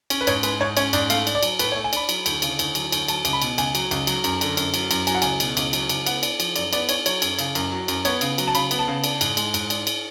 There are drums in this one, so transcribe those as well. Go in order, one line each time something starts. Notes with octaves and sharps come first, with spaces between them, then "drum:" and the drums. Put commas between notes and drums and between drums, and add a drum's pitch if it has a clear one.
C#4, drum: cymbal
B4
G#2 C#5, drum: cymbal
G#3 B4, drum: cymbal
G#2 C#5
C#4 C#5, drum: cymbal
G#2 D5, drum: cymbal
A3 F5, drum: cymbal
D4, drum: cymbal
D5
F#3, drum: cymbal
A2 B4, drum: cymbal
C#5
A3
G#5
D4 B5, drum: cymbal
F#3, drum: cymbal
D2, drum: cymbal
C#3, drum: cymbal
D2, drum: cymbal
F#3, drum: cymbal
D2, drum: cymbal
F#3 A5, drum: cymbal
C#2, drum: cymbal
B5
B2, drum: cymbal
C#2 G#5, drum: cymbal
F#3, drum: cymbal
C#2, drum: cymbal
F#3, drum: cymbal
F#2, drum: cymbal
D3, drum: cymbal
F#2, drum: cymbal
F#3, drum: cymbal
F#2, drum: cymbal
F#3 G#5, drum: cymbal
F#5
C#2 G#5, drum: cymbal
B2, drum: cymbal
C#2, drum: cymbal
F#3, drum: cymbal
C#2, drum: cymbal
B3 F#5, drum: cymbal
D4, drum: cymbal
F3, drum: cymbal
F#2 D5, drum: cymbal
B3 D5, drum: cymbal
D4 C#5, drum: cymbal
F#3 C#5, drum: cymbal
F#2, drum: cymbal
C#3, drum: cymbal
F#2, drum: cymbal
F#3
F#2, drum: cymbal
B3 C#5, drum: cymbal
C#3, drum: cymbal
F#3, drum: cymbal
A5
C#3 B5, drum: cymbal
B3, drum: cymbal
A5
C#3
D4, drum: cymbal
G#2, drum: cymbal
G#3, drum: cymbal
G#2, drum: cymbal
D4, drum: cymbal
drum: cymbal